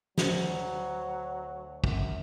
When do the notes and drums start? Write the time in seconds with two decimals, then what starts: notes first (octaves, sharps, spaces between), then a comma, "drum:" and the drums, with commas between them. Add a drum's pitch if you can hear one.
0.18 D2 F#3, drum: snare
1.84 F#2, drum: kick